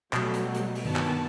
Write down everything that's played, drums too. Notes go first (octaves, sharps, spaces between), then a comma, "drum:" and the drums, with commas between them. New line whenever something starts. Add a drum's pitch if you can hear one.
B2 F#3 G3 A3, drum: clap
drum: hi-hat
drum: hi-hat
drum: open hi-hat
G2 D#3 B3 F#4 A5
drum: clap